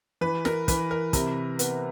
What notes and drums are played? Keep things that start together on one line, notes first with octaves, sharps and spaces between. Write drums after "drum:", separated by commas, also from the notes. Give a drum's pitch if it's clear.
E3 B4
A#4, drum: snare
E3 B4, drum: kick, hi-hat
A#4
C3 A#4, drum: kick, hi-hat
B3, drum: hi-hat